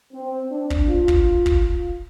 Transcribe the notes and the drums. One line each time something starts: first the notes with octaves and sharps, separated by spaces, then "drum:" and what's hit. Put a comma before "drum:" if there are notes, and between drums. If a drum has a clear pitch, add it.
C4
D4
drum: kick
F4
drum: kick
drum: kick